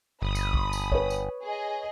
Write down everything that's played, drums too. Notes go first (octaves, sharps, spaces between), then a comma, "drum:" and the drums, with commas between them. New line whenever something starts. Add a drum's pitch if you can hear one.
G1 B5 D#6
drum: tambourine
drum: kick
drum: tambourine
B4 C#5, drum: kick
drum: tambourine
G#4 D#5